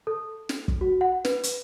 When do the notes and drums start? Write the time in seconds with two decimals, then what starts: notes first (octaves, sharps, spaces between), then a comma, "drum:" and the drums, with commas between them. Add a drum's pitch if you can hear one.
0.07 A4
0.49 drum: snare
0.68 drum: kick
0.81 F#4
1.01 F#5
1.25 B4, drum: snare
1.43 drum: hi-hat